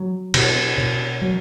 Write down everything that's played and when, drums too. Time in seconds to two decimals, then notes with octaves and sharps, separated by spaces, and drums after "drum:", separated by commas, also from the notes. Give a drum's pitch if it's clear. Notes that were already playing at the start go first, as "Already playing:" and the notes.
Already playing: F#3
0.34 B2, drum: cymbal
0.78 B2
1.22 F#3